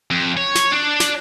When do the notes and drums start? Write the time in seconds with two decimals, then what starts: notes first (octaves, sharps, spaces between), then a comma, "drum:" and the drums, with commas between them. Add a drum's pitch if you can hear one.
0.11 F2
0.37 C#5
0.55 drum: snare
0.72 D4
1.00 drum: snare